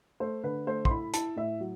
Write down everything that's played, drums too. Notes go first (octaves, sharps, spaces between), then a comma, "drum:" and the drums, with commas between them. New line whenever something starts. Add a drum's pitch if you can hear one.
A3 C5
D3 B4
A3 C5
C6, drum: kick
E4 B5
E4 A5, drum: hi-hat
A2 E5
F#3